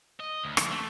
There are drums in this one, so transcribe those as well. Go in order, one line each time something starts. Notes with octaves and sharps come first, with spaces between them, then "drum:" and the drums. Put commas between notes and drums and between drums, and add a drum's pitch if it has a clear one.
D#5
D2
F3, drum: rim click
A3